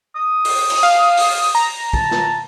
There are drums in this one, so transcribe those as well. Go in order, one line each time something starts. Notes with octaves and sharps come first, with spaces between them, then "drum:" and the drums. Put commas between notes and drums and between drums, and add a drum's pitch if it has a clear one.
D#6
drum: open hi-hat
drum: cymbal
F5
drum: open hi-hat
A#5
A5, drum: kick
drum: snare